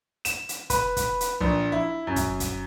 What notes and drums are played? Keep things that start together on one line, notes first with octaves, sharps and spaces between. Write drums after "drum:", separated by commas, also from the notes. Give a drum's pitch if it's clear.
E7, drum: hi-hat
drum: hi-hat
B4, drum: kick, hi-hat
drum: kick, hi-hat
drum: hi-hat
A#1
E4
F#2
drum: kick, hi-hat
drum: kick, hi-hat